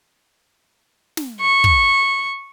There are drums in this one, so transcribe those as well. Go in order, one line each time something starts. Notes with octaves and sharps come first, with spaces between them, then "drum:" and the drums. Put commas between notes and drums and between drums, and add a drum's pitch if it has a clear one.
drum: snare
C#6
drum: kick